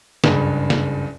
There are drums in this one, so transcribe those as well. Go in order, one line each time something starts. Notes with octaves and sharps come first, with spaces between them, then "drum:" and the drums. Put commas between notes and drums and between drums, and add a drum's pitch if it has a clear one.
F#1 C#2 G2, drum: snare
drum: snare